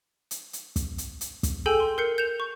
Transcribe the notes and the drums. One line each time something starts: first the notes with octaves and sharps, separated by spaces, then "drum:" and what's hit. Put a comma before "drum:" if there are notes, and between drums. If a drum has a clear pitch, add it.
drum: hi-hat
drum: hi-hat
drum: kick, hi-hat
drum: hi-hat
drum: hi-hat
drum: kick, hi-hat
G#4 A4 G5 G#5 E6 G6
C6
A#4 G6 C7 C#7
G6 C#7 E7 F7
C#6